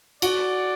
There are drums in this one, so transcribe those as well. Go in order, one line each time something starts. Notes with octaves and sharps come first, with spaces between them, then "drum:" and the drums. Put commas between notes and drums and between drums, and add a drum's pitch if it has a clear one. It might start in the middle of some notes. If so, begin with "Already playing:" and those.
F#4 D5 F#5, drum: cymbal